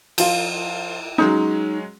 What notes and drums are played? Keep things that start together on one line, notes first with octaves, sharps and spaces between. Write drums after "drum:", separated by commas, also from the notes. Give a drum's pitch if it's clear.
F3 F4, drum: cymbal
F#3 G#3 C#4 D#4